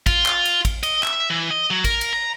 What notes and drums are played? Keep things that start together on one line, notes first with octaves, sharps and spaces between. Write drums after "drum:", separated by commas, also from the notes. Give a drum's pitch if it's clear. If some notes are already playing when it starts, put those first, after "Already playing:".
F4, drum: kick, cymbal
drum: clap
drum: cymbal
drum: kick, cymbal
D#5, drum: cymbal
E5, drum: clap
E3
D#5
F#3
A#4, drum: kick, cymbal
drum: cymbal
A#5